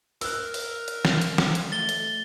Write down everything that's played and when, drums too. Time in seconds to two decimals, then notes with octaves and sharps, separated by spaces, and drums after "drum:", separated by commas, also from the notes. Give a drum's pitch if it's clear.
0.21 A#4 E6 F#6, drum: open hi-hat
0.54 drum: open hi-hat
0.88 drum: hi-hat
1.05 drum: snare
1.21 drum: hi-hat
1.38 drum: snare
1.55 drum: hi-hat
1.72 A3 A6 G7
1.89 drum: hi-hat